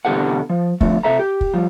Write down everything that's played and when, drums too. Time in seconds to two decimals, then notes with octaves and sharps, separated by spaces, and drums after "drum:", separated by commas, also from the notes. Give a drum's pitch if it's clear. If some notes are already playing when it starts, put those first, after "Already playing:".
0.05 E2 B2 D3 G4 A4 F#5
0.50 F3
0.81 D3 F3 A3, drum: kick
1.03 C3 C4 A4 E5 A#5
1.19 G4
1.41 drum: kick
1.54 F3 G3